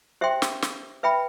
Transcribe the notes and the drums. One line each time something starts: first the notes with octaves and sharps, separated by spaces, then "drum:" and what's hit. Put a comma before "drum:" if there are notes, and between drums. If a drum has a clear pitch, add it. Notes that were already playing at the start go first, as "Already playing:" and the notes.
G4 C5 E5 G5 C6
drum: snare
drum: snare
B4 E5 G5 B5